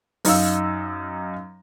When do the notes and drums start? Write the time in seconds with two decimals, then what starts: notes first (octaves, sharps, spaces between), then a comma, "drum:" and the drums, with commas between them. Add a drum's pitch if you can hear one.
0.25 F#2 D#4 F5 E6, drum: open hi-hat